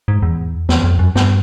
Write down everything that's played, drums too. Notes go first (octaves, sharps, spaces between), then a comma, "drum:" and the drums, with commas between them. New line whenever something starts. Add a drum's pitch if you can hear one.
G#2
E2
E2, drum: snare
F2
F#2
G2, drum: snare